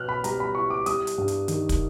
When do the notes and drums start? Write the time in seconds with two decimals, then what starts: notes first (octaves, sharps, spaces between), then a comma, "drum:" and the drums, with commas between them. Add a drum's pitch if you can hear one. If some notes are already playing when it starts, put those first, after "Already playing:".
Already playing: B2 B3 F6 F#6
0.09 B5
0.24 G3 A#5, drum: hi-hat
0.40 B5
0.55 E4 C#6
0.70 D6
0.86 G3 D#6, drum: hi-hat
1.07 drum: hi-hat
1.18 G2
1.28 drum: hi-hat
1.48 D#3, drum: hi-hat
1.69 drum: kick, hi-hat